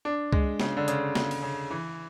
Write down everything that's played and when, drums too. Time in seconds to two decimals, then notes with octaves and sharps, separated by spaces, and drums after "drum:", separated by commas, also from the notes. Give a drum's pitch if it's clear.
0.05 D4
0.33 G#3, drum: kick C2
0.60 C#3, drum: snare
0.77 D3
0.88 C#3, drum: hi-hat
1.15 C#3, drum: snare
1.31 drum: cymbal
1.42 C#3
1.70 E3